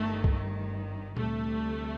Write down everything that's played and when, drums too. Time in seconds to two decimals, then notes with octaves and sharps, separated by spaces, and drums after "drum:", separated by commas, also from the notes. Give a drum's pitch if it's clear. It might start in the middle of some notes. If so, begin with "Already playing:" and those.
Already playing: G1 G2 D#3 A3
0.24 drum: kick B1
1.17 D2 C3 G3 A3, drum: tom A#2